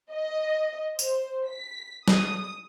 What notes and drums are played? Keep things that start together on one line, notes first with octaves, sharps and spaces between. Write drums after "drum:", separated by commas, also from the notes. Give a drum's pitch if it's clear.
D#5
C5, drum: tambourine
B6
D#6, drum: snare